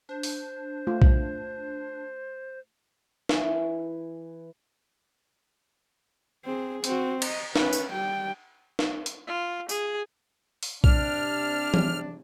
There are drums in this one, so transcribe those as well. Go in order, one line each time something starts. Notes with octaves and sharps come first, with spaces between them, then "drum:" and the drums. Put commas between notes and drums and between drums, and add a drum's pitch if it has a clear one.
D4 C5
drum: open hi-hat
A3 F4
drum: kick B1
E3, drum: snare
C4 G#4
C4 F#4, drum: hi-hat
D#5, drum: cymbal
C#4 B4, drum: snare
drum: tambourine
G3 G5
drum: snare
drum: hi-hat
F4
G#4, drum: tambourine
drum: open hi-hat
C3 D4 F6, drum: kick B1
drum: tom E3